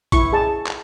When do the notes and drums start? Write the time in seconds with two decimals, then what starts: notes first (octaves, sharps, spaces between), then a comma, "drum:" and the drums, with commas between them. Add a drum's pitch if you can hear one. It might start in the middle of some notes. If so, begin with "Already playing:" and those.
0.12 E4 C#6, drum: kick, hi-hat
0.33 G#4 A5
0.67 drum: clap